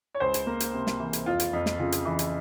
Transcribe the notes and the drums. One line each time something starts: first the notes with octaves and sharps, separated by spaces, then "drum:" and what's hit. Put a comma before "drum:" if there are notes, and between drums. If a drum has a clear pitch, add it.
C#5
C#2 C5
drum: hi-hat
A#3
drum: hi-hat
C3
drum: snare
E3
drum: hi-hat
F2 F4
drum: hi-hat
F2
drum: snare
C#3 F4
drum: hi-hat
E3
drum: hi-hat